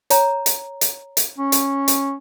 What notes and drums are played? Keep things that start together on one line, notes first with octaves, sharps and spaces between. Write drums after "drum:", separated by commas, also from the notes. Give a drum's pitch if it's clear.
C#5 A#5, drum: hi-hat
drum: hi-hat
drum: hi-hat
drum: hi-hat
C#4
drum: hi-hat
drum: hi-hat